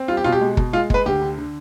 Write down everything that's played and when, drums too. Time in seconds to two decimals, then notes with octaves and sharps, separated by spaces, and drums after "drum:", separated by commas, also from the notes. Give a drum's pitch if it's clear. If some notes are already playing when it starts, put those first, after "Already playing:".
Already playing: C4
0.08 G3 F4
0.17 G4
0.24 B2 F4
0.32 G4
0.41 G#3
0.57 B2, drum: kick
0.73 G#3 F4
0.90 G#3 B4, drum: kick
1.06 D2 G4
1.22 D3
1.38 D3